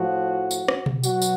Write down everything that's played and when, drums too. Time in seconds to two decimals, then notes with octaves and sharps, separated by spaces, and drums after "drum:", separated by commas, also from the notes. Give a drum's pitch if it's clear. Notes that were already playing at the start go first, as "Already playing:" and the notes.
Already playing: A2 F3 F#4
0.51 drum: tambourine
0.68 drum: rim click
0.86 drum: tom B2
1.03 B2 F#3 F#4, drum: tambourine
1.22 drum: tambourine